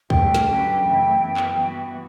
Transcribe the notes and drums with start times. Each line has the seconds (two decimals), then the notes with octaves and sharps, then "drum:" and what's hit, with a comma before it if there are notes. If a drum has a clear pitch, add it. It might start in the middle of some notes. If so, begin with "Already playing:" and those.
0.10 G2 D3 A3 G5, drum: kick
0.35 drum: snare
0.47 D3 F#3 C#4 G4 B4
0.84 F#2 C#3 E3 A3 E4
1.20 F#2 E3 B3
1.37 drum: clap
1.56 G2 E3 B3 F#4